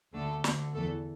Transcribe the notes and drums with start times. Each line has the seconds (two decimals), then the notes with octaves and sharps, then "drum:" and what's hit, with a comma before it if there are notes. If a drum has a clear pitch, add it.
0.14 D2 D3 A3 A4
0.44 D2 D3, drum: snare
0.75 E2 E3 A3 A4